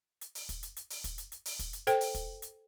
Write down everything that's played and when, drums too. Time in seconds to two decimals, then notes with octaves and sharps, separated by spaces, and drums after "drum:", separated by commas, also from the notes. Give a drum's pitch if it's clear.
0.21 drum: hi-hat
0.35 drum: open hi-hat
0.49 drum: kick, hi-hat
0.63 drum: hi-hat
0.76 drum: hi-hat
0.90 drum: open hi-hat
1.04 drum: kick, hi-hat
1.18 drum: hi-hat
1.32 drum: hi-hat
1.45 drum: open hi-hat
1.59 drum: kick, hi-hat
1.73 drum: hi-hat
1.87 A4 C5 G5, drum: hi-hat
2.01 drum: open hi-hat
2.15 drum: kick, hi-hat
2.42 drum: hi-hat